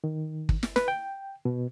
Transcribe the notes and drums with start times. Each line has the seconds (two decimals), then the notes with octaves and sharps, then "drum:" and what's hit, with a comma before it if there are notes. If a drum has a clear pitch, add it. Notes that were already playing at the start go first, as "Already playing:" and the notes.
0.04 D#3
0.49 drum: kick
0.63 drum: snare
0.76 B4, drum: snare
0.88 G5
1.45 B2